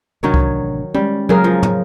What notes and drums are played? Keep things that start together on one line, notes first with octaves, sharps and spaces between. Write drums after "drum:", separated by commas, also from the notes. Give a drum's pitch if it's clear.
A1 C3 D#3 F#3 D4 C#5
drum: kick C2
G3 G#3 C#4
C#3 F#3 G#4 A#4
F3
drum: tom